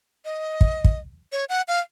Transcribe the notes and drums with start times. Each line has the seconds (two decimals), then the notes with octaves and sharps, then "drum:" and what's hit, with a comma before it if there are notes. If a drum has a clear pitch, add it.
0.25 D#5
0.61 drum: kick
0.84 drum: kick
1.32 C#5
1.49 F#5
1.68 F5